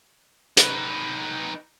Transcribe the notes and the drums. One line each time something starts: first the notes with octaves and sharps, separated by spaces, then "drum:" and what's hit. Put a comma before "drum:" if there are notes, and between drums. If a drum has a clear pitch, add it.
D#4 B4, drum: hi-hat